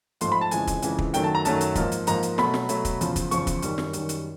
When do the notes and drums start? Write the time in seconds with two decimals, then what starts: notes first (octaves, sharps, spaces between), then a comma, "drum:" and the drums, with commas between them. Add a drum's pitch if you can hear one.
0.21 G#2 F3 A3 C6, drum: hi-hat
0.32 B5
0.41 A5
0.51 F2 C#3 E3 G#3 G#5, drum: hi-hat
0.67 drum: kick, hi-hat
0.82 F2 C#3 E3 G#3, drum: hi-hat
0.98 drum: kick
1.14 F#2 D#3 F#3 A3 G5, drum: hi-hat
1.24 A5
1.35 A#5
1.45 F#2 D#3 F#3 A3 A5, drum: hi-hat
1.61 drum: hi-hat
1.75 G#2 F3 A#3, drum: kick, hi-hat
1.92 drum: hi-hat
2.07 G#2 F3 A#3 A#5, drum: hi-hat
2.23 drum: hi-hat
2.38 B2 F#3 A3 B5, drum: snare
2.54 drum: snare
2.69 B2 F#3 A3, drum: hi-hat
2.85 drum: kick, hi-hat
3.01 E2 C#3 F3, drum: hi-hat
3.16 drum: kick, hi-hat
3.31 E2 C#3 F3 C#6, drum: hi-hat
3.47 drum: kick, hi-hat
3.62 F#2 D#3 G3, drum: hi-hat
3.78 drum: snare
3.93 F#2 D#3 G3, drum: hi-hat
4.09 drum: hi-hat